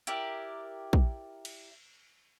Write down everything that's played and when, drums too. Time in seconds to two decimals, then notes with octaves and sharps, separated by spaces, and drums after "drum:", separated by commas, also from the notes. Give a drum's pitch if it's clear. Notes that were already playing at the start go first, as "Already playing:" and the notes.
0.07 E4 G4 A#4 D5, drum: hi-hat
0.93 drum: kick
1.45 drum: cymbal